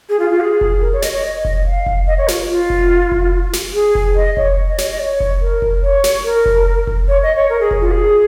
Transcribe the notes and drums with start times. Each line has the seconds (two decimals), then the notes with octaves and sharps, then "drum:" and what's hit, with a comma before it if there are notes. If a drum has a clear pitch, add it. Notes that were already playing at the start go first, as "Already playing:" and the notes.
0.09 G#4
0.20 F4
0.30 F4
0.40 G#4
0.61 drum: kick F1
0.81 A#4
0.93 C#5
1.02 D#5, drum: snare
1.13 C#5
1.24 D#5
1.45 drum: kick F1
1.66 F5
1.86 drum: kick F1
2.07 D#5
2.18 C#5
2.28 F4, drum: snare
2.50 F4
2.70 drum: kick F1
3.12 drum: kick F1
3.53 drum: snare
3.74 G#4
3.95 drum: kick F1
4.16 D#5
4.37 C#5, drum: kick F1
4.68 D#5
4.78 C#5, drum: snare
4.90 D#5
4.99 C#5
5.20 drum: kick F1
5.41 A#4
5.62 drum: kick F1
5.82 C#5
6.04 drum: snare
6.25 A#4
6.46 drum: kick F1
6.87 drum: kick F1
7.08 C#5
7.23 D#5
7.36 C#5
7.49 A#4
7.61 G#4
7.71 drum: kick F1
7.81 F4
7.91 G#4